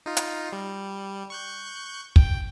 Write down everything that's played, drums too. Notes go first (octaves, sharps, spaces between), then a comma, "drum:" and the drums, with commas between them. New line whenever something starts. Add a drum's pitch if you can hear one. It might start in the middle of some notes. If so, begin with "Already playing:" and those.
D#4 F4
drum: hi-hat
G3
C#6 F#6 G6
G5, drum: kick